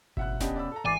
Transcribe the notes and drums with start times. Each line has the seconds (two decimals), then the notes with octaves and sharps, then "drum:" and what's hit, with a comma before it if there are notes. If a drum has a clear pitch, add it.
0.17 A1 B2 E5 F#5 F#6, drum: kick G1
0.40 C3 B3 C#4 D4 G4 D#5, drum: snare D#1
0.56 D5 B5 E6
0.72 A4 A#5
0.86 G#1 E3 D5 E5 G#5 C7